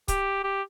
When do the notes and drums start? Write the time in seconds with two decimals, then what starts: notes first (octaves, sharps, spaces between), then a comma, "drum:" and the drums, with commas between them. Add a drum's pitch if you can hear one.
0.08 G4, drum: kick C#1, hi-hat
0.43 G4